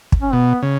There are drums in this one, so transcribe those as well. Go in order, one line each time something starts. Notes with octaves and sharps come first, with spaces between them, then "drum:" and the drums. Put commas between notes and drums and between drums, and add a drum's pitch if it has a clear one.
drum: kick
C#4
B2 B3
C#3